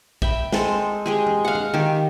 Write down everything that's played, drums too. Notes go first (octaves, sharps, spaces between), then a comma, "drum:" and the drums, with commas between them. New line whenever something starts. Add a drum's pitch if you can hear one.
E5 G5 B5, drum: kick
G#3 C4 A4, drum: snare
G#3 G4 G#4
drum: tom
F5 F#5
drum: tom
D#3 G4